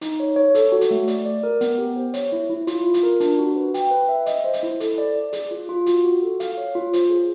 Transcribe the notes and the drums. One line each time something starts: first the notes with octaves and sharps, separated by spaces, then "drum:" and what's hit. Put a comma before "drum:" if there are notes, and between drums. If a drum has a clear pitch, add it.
D#4, drum: hi-hat
C#5
C#5
A4, drum: hi-hat
F#4
drum: hi-hat
A3
D5, drum: hi-hat
D5
A#4
B3, drum: hi-hat
G4
C5
C#5, drum: hi-hat
E4
E4
F4, drum: hi-hat
F4
drum: hi-hat
A#4
D4, drum: hi-hat
F#4
B4
G5, drum: hi-hat
B4
E5
D#5, drum: hi-hat
C5
drum: hi-hat
E4
A4, drum: hi-hat
D5
D5
G#4, drum: hi-hat
F4
F4
F#4, drum: hi-hat
F#4
A4
F5, drum: hi-hat
C#5
F4
C5, drum: hi-hat
G#4